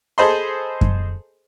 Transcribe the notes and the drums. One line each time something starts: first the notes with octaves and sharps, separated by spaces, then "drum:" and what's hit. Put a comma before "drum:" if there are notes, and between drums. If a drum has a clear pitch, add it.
G#4 A4 C5 D#5 B5 C6
drum: kick F#2